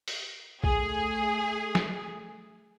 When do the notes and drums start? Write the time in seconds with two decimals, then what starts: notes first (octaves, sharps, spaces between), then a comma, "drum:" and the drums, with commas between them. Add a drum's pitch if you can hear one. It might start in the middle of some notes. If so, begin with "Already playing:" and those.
0.08 drum: open hi-hat
0.64 A3 G#4, drum: kick A#1
1.75 drum: snare